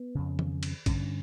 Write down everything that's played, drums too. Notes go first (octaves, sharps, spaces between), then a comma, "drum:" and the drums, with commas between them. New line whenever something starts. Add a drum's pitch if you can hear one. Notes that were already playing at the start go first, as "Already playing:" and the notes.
Already playing: B3
F2 C#3
drum: tom D#3
drum: cymbal
G2 D3 C#4, drum: kick A#1, cymbal